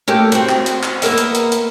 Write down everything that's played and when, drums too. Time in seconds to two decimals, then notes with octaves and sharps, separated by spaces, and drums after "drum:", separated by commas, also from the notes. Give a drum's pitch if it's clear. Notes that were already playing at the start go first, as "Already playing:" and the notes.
0.08 A3 A#3 G4
0.32 C4 F#4, drum: hi-hat
0.49 drum: clap
0.66 drum: hi-hat
0.83 drum: clap
1.02 A#3 B3 A#4 E5, drum: open hi-hat
1.18 drum: hi-hat
1.35 drum: hi-hat
1.52 drum: hi-hat